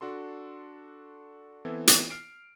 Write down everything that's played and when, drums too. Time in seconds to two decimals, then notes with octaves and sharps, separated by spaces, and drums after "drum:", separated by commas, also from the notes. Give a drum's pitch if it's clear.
0.01 D4 F#4 A4 C6
1.65 E3 B3 C4 E4 A4
1.87 drum: hi-hat
2.10 F6 C7 D7